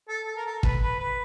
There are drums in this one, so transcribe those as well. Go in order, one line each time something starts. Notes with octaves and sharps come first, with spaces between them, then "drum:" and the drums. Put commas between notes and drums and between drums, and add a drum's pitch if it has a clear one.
A4
A4
A#4
A4
B4, drum: kick
B4
B4